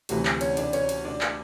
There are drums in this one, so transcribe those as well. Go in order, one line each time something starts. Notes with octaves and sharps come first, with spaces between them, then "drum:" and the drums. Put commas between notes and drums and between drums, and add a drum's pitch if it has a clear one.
D2 C3 E3 F#3 F#4, drum: cymbal
drum: clap
C#4 C#5, drum: cymbal
D4 D5, drum: cymbal
C#4 C#5, drum: cymbal
drum: cymbal
D4 D5
drum: clap